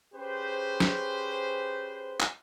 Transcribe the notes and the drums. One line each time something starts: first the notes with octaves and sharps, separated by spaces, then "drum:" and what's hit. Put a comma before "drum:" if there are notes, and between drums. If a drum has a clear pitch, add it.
C#4 G4 G#4 B4 C5
drum: snare
drum: clap